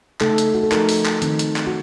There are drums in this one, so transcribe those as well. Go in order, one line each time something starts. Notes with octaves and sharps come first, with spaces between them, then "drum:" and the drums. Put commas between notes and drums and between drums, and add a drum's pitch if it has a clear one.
C#3 A3 D#4 A4, drum: clap
drum: hi-hat
F#4
A4
F3 A3 D#4 A#4, drum: clap
drum: open hi-hat
drum: clap
D#3 A3 C4 D#4, drum: hi-hat
drum: hi-hat
drum: clap
F#4